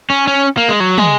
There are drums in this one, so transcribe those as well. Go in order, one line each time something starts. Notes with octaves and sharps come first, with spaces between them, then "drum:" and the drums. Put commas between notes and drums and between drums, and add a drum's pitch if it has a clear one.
C#4
C#4
A#3
G#3
F#3
G#3, drum: tom